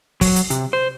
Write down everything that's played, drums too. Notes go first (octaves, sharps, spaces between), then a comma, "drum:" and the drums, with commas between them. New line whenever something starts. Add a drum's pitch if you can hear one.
F#3, drum: kick, open hi-hat
drum: hi-hat
C3, drum: hi-hat
C5